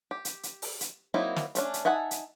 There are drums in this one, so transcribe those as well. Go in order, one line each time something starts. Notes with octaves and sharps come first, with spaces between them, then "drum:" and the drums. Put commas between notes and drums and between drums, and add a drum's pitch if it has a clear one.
G4
drum: hi-hat
drum: hi-hat
drum: open hi-hat
drum: hi-hat
F#3 A#3 C4 D#4 E4
drum: snare
A3 C#4 D4, drum: hi-hat
drum: hi-hat
D#4 E5 F#5 G#5 A5
drum: hi-hat